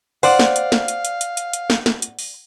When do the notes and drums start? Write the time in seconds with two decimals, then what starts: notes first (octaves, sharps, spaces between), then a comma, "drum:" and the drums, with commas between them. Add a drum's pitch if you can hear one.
0.23 C5 D5 F5 F#5, drum: open hi-hat
0.39 drum: snare
0.56 drum: hi-hat
0.72 drum: snare
0.88 drum: hi-hat
1.05 drum: hi-hat
1.21 drum: hi-hat
1.37 drum: hi-hat
1.53 drum: hi-hat
1.70 drum: snare
1.86 drum: snare
2.02 drum: hi-hat
2.19 drum: open hi-hat